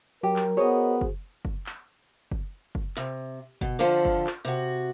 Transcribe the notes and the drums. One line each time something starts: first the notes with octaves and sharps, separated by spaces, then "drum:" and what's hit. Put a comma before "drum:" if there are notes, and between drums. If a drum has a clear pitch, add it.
F#3 G4 A#4
drum: clap
B3 F#4 G#4 C5 C#5 D#5
drum: kick F#1
drum: kick F#1
drum: clap
drum: kick F#1
drum: kick F#1
C3, drum: clap
B2, drum: kick F#1
D3 F3 F4 A4 C5
drum: kick F#1
drum: clap
C3 F#4